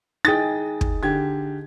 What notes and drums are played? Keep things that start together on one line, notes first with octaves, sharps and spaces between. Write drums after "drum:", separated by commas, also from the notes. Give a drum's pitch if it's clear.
D#4 G#4 G5 D#6 A6
drum: kick
D3 G4 G#6